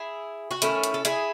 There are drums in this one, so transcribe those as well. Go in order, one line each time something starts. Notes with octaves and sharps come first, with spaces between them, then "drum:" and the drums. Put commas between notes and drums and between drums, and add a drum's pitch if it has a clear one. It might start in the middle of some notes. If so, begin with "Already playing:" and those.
Already playing: E4 G#4
F#4
D#3 A3 C#4 E4, drum: hi-hat
drum: hi-hat
A4
E4 G#4, drum: hi-hat